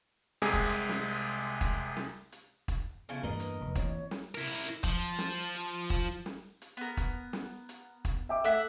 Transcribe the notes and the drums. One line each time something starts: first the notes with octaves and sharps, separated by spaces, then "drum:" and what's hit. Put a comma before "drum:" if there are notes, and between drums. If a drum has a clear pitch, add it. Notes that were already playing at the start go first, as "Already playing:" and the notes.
C2 C3 G#3 G#4 G#5
drum: kick, hi-hat
drum: snare
drum: kick, hi-hat
drum: snare
drum: hi-hat
drum: kick, hi-hat
C#3 F3 B3 E4
E2 G2 A#3 A#4 B4 D#5
drum: hi-hat
F1
E3 A#3 C4 C#5, drum: kick, hi-hat
drum: snare
E4 A#4
drum: hi-hat
F3, drum: kick, hi-hat
drum: snare
drum: hi-hat
drum: kick
drum: snare
drum: hi-hat
B3 A#4
drum: kick, hi-hat
drum: snare
drum: hi-hat
drum: kick, hi-hat
E5 G5 D6
A3 E5 F#5 E6